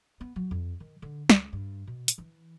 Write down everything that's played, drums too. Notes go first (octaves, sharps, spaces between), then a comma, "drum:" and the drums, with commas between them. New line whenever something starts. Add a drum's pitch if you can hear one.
B3
F#3
F2
D#3
D3
C#2, drum: snare
G2
B2
drum: hi-hat
E3